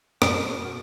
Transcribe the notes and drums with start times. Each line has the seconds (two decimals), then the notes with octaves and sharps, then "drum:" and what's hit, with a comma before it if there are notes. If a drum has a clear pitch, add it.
0.22 F#2 B2 G3 B3 F#4 A#4, drum: rim click